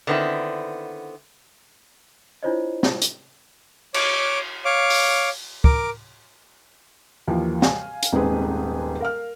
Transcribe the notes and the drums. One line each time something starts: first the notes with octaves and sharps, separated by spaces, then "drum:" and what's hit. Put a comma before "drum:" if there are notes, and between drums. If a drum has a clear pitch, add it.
D3 D#3 B3 C4 E4
D4 E4 F4 C5 C#5 D#5
drum: snare
drum: hi-hat
C#5 D6, drum: cymbal
C#5 F5 D6
drum: open hi-hat
A#4 D6, drum: kick
D#2 E3 F3 A#3
F5 G#5, drum: snare
drum: hi-hat
D#1 G#2 C4 D#4 G#4 B4
A#4 F5 F6